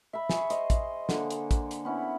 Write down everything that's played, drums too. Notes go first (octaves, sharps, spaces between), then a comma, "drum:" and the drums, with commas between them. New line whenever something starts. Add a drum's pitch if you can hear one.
E5 B5
G#4 C#6, drum: snare
C5 D#5, drum: hi-hat
drum: kick, hi-hat
D3 A#3, drum: snare
drum: hi-hat
drum: kick, hi-hat
drum: hi-hat
B3 C#4 E4